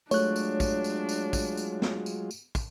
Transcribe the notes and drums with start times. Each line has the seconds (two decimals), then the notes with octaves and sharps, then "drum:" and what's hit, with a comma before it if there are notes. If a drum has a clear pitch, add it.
0.11 F#3 G#3 A3 D4 F4 C#5 F#6, drum: tambourine
0.36 drum: tambourine
0.60 drum: kick, tambourine
0.84 drum: tambourine
1.09 drum: tambourine
1.33 drum: kick, tambourine
1.57 drum: tambourine
1.82 drum: snare
2.06 drum: tambourine
2.31 drum: tambourine
2.55 drum: kick, tambourine